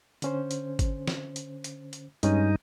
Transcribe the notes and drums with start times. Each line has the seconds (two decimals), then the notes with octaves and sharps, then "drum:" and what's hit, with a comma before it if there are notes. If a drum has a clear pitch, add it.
0.22 D3 C#4 C5, drum: hi-hat
0.51 drum: hi-hat
0.79 drum: kick G#1, hi-hat
1.08 drum: snare
1.36 drum: hi-hat
1.64 drum: hi-hat
1.93 drum: hi-hat
2.23 G2 G#3 C#4 D#4 G#5, drum: hi-hat